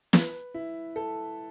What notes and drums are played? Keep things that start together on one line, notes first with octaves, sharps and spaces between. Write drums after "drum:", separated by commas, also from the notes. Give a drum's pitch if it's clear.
B4, drum: snare
E4
A4